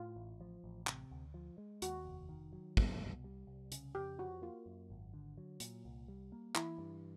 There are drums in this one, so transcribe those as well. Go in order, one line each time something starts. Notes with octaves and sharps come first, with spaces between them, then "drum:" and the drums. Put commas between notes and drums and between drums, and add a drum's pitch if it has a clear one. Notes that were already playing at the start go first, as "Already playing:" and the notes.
Already playing: A2 F4
A1
F3
A1
C3, drum: clap
D2
F3
G#3
D#2 F#4, drum: hi-hat
F1
D#3
F#3
B2, drum: kick
C2
G3
C2
C#3, drum: hi-hat
F2 G4
F3 F#4
A#3 F4
F#2
G#1
D3
F#3
A#2, drum: hi-hat
C2
G3
A#3
E3 E4, drum: clap
G2